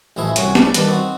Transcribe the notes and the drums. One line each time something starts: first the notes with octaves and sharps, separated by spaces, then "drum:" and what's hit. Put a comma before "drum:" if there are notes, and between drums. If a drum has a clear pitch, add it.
A1 F3 A3 E4 D#5 G#5
C2 C#4 F#4 G#5, drum: hi-hat
D4 D5, drum: snare
G2 D#3 B4 F5 A5 D6, drum: hi-hat
C4 D#4 F#4